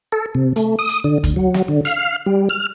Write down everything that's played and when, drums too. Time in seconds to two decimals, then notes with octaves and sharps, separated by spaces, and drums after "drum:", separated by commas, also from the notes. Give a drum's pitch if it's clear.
0.12 A4
0.35 C3
0.56 A3, drum: hi-hat
0.79 D#6
0.89 drum: hi-hat
1.04 D3
1.24 D2, drum: kick, hi-hat
1.36 F#3
1.54 drum: snare
1.68 D3
1.85 F5, drum: hi-hat
2.26 G3
2.49 F6